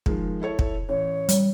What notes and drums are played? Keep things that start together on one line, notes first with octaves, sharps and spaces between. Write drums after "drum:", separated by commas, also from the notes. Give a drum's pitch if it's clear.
D#3 F3 G#3, drum: kick
E4 A4 C#5
drum: kick
A1 C#5
G3, drum: hi-hat